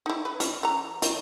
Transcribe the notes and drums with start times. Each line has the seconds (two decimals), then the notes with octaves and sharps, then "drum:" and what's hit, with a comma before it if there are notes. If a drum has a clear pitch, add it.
0.06 D#4 E4
0.25 B4
0.40 C#4, drum: hi-hat
0.63 E3 A#5
1.02 D#3, drum: hi-hat